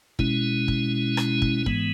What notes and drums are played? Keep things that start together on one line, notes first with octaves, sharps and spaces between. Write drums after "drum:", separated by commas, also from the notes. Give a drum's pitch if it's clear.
B2 G#3 C#4 E4, drum: kick
drum: kick
drum: rim click
drum: kick
G#2 E3 G#3 B3, drum: kick